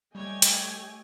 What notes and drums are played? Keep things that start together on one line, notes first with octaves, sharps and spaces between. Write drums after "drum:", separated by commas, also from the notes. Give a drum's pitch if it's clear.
G3 A3 G4 C#5 D#5 G5 G#5 G#6
drum: hi-hat